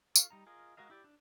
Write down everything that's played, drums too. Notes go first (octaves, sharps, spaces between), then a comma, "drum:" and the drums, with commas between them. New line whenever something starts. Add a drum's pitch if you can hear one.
F4 A4 F5 C#6, drum: tambourine
G3 D#4 A#5
F4 G#4 A#4 D#5
G#3 F#4 A#4 D#5 F5
E4 G4 D5
D4